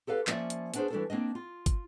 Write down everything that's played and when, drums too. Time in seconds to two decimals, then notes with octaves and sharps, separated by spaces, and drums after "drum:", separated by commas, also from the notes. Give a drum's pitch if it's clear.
0.07 G4 A4 B4 F5
0.27 F3 A#3 C#4 F4 D5 E5, drum: clap
0.50 drum: hi-hat
0.74 B3 C#4 D4 F#4 G#4 C5, drum: hi-hat
0.90 E3 G3 A3 D4 F#4 A4
1.10 A#3 C4 D4 D#5
1.35 F4
1.66 drum: kick, hi-hat